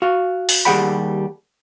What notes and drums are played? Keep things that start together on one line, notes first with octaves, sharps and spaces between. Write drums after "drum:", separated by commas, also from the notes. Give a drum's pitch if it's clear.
F#4 F5
drum: open hi-hat
D#2 G3 G#4 F#5 G5 B5